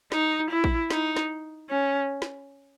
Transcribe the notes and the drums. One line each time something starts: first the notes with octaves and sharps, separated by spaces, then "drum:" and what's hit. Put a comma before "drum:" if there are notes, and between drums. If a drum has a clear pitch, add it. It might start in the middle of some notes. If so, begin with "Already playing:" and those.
D#4, drum: snare
E4
drum: kick
D#4, drum: snare
drum: snare
C#4
drum: snare